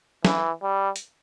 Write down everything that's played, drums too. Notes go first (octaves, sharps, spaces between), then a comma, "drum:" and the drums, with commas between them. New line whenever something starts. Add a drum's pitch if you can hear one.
E3, drum: snare
G3
drum: hi-hat